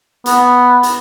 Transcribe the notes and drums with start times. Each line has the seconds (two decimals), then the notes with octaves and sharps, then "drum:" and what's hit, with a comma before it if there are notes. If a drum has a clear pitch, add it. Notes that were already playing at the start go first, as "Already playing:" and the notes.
0.26 B3, drum: hi-hat
0.83 drum: hi-hat